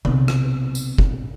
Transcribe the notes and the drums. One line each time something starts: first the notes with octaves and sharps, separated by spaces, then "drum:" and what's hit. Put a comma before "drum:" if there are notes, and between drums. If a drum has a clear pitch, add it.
B1 C3, drum: tom D3
drum: rim click
drum: tambourine
drum: kick